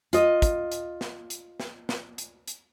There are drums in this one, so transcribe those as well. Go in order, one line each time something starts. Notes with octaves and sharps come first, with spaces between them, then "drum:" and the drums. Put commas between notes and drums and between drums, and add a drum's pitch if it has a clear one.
F4 D#5, drum: hi-hat
drum: kick, hi-hat
drum: hi-hat
drum: snare
drum: hi-hat
drum: snare
drum: snare
drum: hi-hat
drum: hi-hat